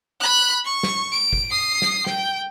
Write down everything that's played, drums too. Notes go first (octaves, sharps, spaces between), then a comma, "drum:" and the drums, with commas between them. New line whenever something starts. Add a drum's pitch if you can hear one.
B5 F#6
C#6
drum: snare
D7
drum: kick G1
D#6 C7
drum: snare
G5, drum: snare